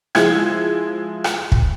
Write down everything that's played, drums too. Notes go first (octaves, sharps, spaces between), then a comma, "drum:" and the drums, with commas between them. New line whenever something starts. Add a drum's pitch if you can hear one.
F3 G#3 E4 G#4 G#6, drum: rim click
drum: rim click
drum: kick